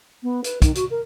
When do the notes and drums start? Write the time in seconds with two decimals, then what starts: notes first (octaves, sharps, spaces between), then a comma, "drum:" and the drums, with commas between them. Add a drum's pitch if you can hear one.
0.23 B3
0.44 B4, drum: hi-hat
0.62 D#3, drum: kick, hi-hat
0.75 F#4, drum: hi-hat
0.91 A#4